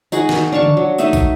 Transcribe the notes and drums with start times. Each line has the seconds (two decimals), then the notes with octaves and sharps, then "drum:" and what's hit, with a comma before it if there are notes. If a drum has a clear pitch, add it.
0.12 D#4 F#4 G#4 F#5, drum: tambourine
0.29 drum: snare
0.52 D4 F5 A5 C#6
0.63 drum: tom C#3
0.77 F#3
0.98 A3 D#4 D#5 E5, drum: tambourine
1.13 drum: kick, tambourine